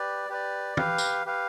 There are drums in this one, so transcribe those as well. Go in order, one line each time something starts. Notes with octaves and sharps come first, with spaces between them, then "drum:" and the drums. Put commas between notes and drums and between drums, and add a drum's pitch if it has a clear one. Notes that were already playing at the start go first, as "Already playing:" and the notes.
Already playing: G4 B4 D5
G4 B4 D5
G4 B4 F5, drum: tom
drum: tambourine
G4 B4 F5